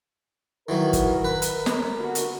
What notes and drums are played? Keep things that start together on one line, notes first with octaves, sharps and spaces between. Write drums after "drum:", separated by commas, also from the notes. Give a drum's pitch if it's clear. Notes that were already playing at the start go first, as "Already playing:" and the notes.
D#3 E3 F#3 A#4
drum: kick G1, hi-hat
B4
drum: hi-hat
drum: snare
D3 F#4
drum: hi-hat